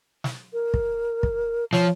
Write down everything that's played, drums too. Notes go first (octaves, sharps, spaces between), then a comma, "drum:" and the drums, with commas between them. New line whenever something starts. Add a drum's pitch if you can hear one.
drum: snare
A#4
drum: kick
drum: kick
F3 C#5, drum: snare